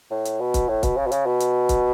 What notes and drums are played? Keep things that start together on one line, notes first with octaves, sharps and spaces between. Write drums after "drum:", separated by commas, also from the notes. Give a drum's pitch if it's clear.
A2
drum: hi-hat
B2
drum: kick, hi-hat
A2
B2, drum: kick, hi-hat
C#3
B2
C#3, drum: hi-hat
B2
drum: hi-hat
drum: kick, hi-hat